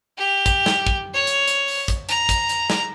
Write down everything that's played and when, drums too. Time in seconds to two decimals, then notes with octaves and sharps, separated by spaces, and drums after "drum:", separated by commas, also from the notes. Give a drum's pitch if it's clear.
0.18 G4
0.46 drum: kick, hi-hat
0.66 drum: snare
0.87 drum: kick
1.14 C#5
1.27 drum: hi-hat
1.48 drum: hi-hat
1.68 drum: open hi-hat
1.88 drum: kick, hi-hat
2.09 A#5, drum: hi-hat
2.29 drum: kick, hi-hat
2.49 drum: hi-hat
2.70 drum: snare